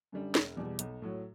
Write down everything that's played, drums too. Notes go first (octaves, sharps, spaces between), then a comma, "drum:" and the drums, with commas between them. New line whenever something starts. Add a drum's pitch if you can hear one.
F#2 D3 G3
E1, drum: snare
E2 B2 G3
B1, drum: hi-hat
A2 F#3